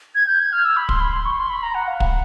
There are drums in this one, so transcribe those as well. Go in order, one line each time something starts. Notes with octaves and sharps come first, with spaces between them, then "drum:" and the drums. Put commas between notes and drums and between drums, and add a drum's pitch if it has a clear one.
G#6
G6
G#6
F6
E6
B5
C6, drum: kick
B5
C6
C#6
C6
B5
A#5
F#5
F5
F#5, drum: kick